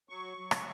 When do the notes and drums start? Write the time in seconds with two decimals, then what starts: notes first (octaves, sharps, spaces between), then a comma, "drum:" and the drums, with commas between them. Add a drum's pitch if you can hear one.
0.09 F#3 C#6
0.37 F#3
0.51 drum: rim click